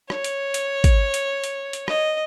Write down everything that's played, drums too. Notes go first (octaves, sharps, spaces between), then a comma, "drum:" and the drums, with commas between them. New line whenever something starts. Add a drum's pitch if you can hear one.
C#5, drum: rim click
drum: hi-hat
drum: hi-hat
drum: kick, hi-hat
drum: hi-hat
drum: hi-hat
drum: hi-hat
D#5, drum: rim click